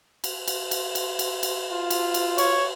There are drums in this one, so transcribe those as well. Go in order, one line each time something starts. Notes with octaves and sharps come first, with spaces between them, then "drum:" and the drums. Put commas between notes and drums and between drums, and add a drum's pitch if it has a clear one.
drum: cymbal
drum: cymbal
drum: cymbal
drum: cymbal
drum: cymbal
drum: cymbal
F4
drum: cymbal
drum: cymbal
C#5, drum: cymbal